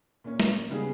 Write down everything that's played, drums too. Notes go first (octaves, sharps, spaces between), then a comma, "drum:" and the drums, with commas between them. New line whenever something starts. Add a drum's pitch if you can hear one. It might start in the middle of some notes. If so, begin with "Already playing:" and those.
A#2 A#3 C#4
drum: snare
C#3 G3 B3 D#4 G#4